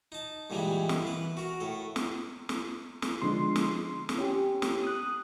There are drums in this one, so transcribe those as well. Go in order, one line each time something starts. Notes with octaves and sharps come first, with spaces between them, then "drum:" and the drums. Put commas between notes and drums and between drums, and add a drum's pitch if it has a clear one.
D#4 A5
G2 A#2 D3 E3 G3 G#3
drum: snare
E3 B4
F#4 A#4
A2 A4
drum: snare
drum: snare
drum: snare
D3 F3 G#3 C6
drum: snare
drum: snare
C#4 G4
drum: snare
D#6 F#6